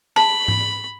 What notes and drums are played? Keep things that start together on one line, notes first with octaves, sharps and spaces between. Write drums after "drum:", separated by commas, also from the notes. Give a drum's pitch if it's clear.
A5 B5
drum: tom G#2